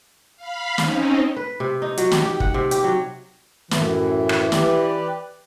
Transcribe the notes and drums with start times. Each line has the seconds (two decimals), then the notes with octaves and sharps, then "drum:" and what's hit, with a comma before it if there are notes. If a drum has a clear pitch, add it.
0.36 F5 B5
0.78 C4 C#4 D#4, drum: snare
1.36 B4
1.60 C3
1.82 D#4
1.97 F#3, drum: hi-hat
2.11 G4, drum: snare
2.26 G4
2.40 F#5, drum: kick
2.54 C3
2.71 G4, drum: hi-hat
2.84 F#3
3.71 F#2 A2 E3, drum: snare
4.29 drum: rim click
4.52 G4 B4 D5, drum: snare